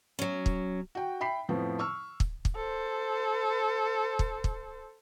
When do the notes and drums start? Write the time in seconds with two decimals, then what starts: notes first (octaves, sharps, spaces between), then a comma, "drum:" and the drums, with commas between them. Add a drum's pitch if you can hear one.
0.19 F#3 C#4
0.46 drum: kick
0.95 F#4 G5
1.20 E5 G5 B5 B6 C7
1.49 F2 A2 F3 B3
1.79 C#6 E6 F6
2.20 drum: kick
2.45 drum: kick
2.55 A4 C5
4.19 drum: kick
4.44 drum: kick